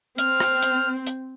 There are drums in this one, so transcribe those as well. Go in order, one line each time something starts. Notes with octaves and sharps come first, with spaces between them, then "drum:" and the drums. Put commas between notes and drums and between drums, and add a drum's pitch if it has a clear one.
C4 F6, drum: hi-hat
drum: rim click
drum: hi-hat
drum: hi-hat